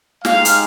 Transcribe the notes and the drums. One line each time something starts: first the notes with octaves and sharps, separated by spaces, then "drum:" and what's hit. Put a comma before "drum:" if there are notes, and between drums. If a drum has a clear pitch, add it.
G#3 D#4 G4 F5, drum: snare
drum: hi-hat